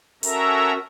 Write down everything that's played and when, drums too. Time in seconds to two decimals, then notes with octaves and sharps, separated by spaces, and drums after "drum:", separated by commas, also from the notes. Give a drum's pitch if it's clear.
0.23 C#4 F#4 A4 A#4 E5 A#5, drum: hi-hat